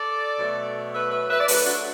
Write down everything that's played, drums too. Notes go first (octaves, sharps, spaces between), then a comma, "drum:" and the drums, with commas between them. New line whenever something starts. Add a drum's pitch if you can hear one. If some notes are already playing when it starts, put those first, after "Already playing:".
Already playing: A4 D5
B2 F#3 A3
B4 E5
B4 E5
B4 E5
D5
D3 F#3 A3 F#4 B4, drum: open hi-hat
D4 F#4